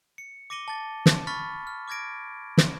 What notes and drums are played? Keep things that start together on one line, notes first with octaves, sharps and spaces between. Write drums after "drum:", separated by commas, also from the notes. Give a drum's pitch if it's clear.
C#7
D6 A#6 C#7 D#7 G7
A5 A6
drum: snare
B5 C#6 F6 A6 B6
F6
D6 F6 G#6 A#6 D7
drum: snare